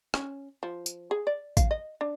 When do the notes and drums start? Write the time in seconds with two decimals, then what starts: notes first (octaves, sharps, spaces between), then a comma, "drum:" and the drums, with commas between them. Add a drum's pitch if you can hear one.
0.14 C#4, drum: rim click
0.63 F3
0.86 drum: tambourine
1.11 G#4
1.27 D5
1.57 F5, drum: kick A1, tambourine
1.71 D#5
2.01 D4